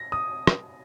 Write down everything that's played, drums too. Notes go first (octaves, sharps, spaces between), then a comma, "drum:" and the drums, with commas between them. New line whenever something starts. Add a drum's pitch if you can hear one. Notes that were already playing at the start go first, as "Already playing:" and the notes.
Already playing: A#6
D#6
drum: rim click